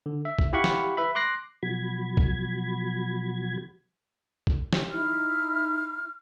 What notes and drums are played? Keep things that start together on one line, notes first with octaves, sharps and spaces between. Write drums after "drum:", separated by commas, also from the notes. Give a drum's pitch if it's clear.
D3
E5
drum: kick
E4 G4 F5 F#5 B5 C#6
drum: snare
B4 E5 B5
C6 D6 F#6 A#6 C7
B2 F3 F#3 F#4 B5 G#6
drum: kick
drum: kick
drum: snare
D#4 E4 F6